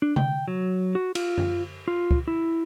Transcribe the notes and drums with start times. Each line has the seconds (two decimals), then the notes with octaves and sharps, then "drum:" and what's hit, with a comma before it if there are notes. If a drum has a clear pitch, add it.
0.02 D4
0.16 G5, drum: tom C3
0.48 F#3
0.95 F#4
1.15 F4, drum: cymbal
1.38 drum: tom F#2
1.88 F4
2.11 drum: kick
2.28 E4